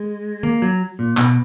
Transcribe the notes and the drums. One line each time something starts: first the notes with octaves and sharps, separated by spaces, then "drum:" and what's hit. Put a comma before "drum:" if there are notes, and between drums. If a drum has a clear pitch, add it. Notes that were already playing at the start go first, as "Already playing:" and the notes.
Already playing: G#3
A#3, drum: tom
F#3
A#2
B2, drum: clap